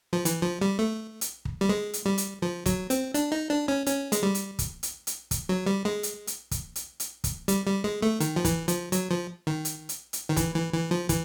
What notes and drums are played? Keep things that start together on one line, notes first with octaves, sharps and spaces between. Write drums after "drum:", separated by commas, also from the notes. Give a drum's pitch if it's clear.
F3
E3, drum: hi-hat
F3
G3
A3
drum: hi-hat
drum: kick
G3
G#3
drum: hi-hat
G3
drum: hi-hat
F3
F#3, drum: kick, hi-hat
C4, drum: hi-hat
D4, drum: hi-hat
D#4
D4
C#4
C#4, drum: hi-hat
G#3, drum: hi-hat
G3
drum: hi-hat
drum: kick, hi-hat
drum: hi-hat
drum: hi-hat
drum: kick, hi-hat
F#3
G3
G#3
drum: hi-hat
drum: hi-hat
drum: kick, hi-hat
drum: hi-hat
drum: hi-hat
drum: kick, hi-hat
G3, drum: hi-hat
G3
G#3
A3
D#3, drum: hi-hat
F3
E3, drum: kick, hi-hat
F3, drum: hi-hat
F#3, drum: hi-hat
F3
D#3
drum: hi-hat
drum: hi-hat
drum: hi-hat
D#3
E3, drum: kick, hi-hat
E3
E3
F3
E3, drum: kick, hi-hat